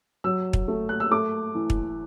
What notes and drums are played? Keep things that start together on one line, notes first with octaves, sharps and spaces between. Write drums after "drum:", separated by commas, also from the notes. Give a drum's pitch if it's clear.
F#3 E6
drum: kick
A3
F#6
E6
A3 D6
E3
drum: kick